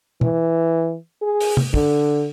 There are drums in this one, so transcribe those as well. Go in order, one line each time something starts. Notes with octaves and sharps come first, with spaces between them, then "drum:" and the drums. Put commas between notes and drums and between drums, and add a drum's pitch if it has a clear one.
E3, drum: tom
G#4
drum: open hi-hat
drum: tom
D3, drum: kick